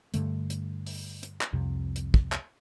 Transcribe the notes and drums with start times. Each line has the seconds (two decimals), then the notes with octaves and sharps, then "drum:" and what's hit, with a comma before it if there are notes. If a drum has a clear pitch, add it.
0.14 G2 D3 A3, drum: hi-hat
0.50 drum: hi-hat
0.87 drum: open hi-hat
1.23 drum: hi-hat
1.41 drum: clap
1.53 C2 F2 C3
1.96 drum: hi-hat
2.14 drum: kick
2.32 drum: clap